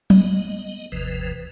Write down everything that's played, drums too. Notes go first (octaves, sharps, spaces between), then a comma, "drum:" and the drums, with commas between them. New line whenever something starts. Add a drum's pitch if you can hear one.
B3 D#5, drum: tom F#3
G1 D#2 C3 E3 F3 B4